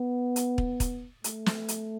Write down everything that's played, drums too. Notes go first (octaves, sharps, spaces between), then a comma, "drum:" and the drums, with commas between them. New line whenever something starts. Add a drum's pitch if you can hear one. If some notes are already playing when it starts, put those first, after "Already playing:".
Already playing: B3
drum: hi-hat
drum: kick
drum: kick, hi-hat
A3, drum: hi-hat
drum: snare
drum: hi-hat